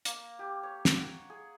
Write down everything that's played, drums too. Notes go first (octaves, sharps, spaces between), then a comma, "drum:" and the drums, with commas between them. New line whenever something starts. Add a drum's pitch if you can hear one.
A#3, drum: hi-hat
G4
C#5
drum: snare
F#5
G#4